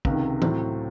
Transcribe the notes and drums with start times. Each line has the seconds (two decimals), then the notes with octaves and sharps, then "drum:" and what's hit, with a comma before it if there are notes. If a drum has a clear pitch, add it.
0.05 C#2 C3 D#3, drum: kick
0.42 A2 F#3 C4, drum: tom E3